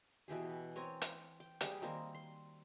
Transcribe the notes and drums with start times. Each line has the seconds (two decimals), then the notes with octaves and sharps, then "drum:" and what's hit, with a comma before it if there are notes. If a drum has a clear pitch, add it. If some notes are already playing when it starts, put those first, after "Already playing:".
0.28 B2 E3 G4 G#4
0.76 C4 A#4 C#5 G#5
1.02 drum: hi-hat
1.40 G5
1.61 G3 G4 G#4 A5, drum: hi-hat
1.82 D#3 G3 A#3 C4
2.14 C6